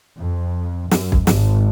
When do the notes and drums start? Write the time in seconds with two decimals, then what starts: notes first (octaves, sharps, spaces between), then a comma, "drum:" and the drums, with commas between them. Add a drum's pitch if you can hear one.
0.19 F2
0.91 F#2, drum: snare
1.12 drum: kick
1.27 G#1 G#2, drum: snare